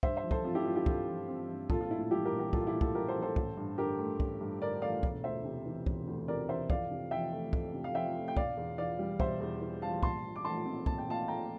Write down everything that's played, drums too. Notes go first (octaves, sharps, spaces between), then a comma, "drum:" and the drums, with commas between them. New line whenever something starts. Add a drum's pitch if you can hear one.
G2 C5 E5, drum: kick
C5 E5
F3
A4 C5, drum: kick
C4 F4
E4 G4
G2 F4
E4 G4
G2 F4 A4, drum: kick
F3
C4
G2
A#1 F4 A4, drum: kick
F4
A2 E4
F4
G3 E4 G4
G4 A#4
A#1
G4 A#4
A#1 F4 A4, drum: kick
E4 G4
A2
F4 A4, drum: kick
G3 G4 A#4
A4 C5
A#1
A4 C5
A1, drum: kick
G2
D3 G4 A#4
A3
A1, drum: kick
G2
D3 A#4 D5
A3 D5 F5
E1, drum: kick
D2 C5 E5
C3
E3
E1, drum: kick
D2
C3 A#4 D5
E3 C5 E5
F2 D5 F5, drum: kick
C3
F3 E5 G5
A3
F2, drum: kick
C3
F5
F3 E5 G5
A3
G5
E1 D5 F5, drum: kick
E2
E3 D5 F5
G3
E1 C5 E5, drum: kick
E2
E3
G3 F5 A5
A#1 A5 C6, drum: kick
A#2
D6
A3 A5 C6
C4
A#1 A5, drum: kick
G5
A#2 F5 A5
A3 G5 A#5